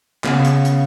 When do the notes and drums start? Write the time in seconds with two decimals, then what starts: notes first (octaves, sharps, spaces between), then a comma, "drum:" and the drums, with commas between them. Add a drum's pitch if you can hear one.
0.24 C#3 B3 F5, drum: clap
0.45 drum: hi-hat
0.65 drum: hi-hat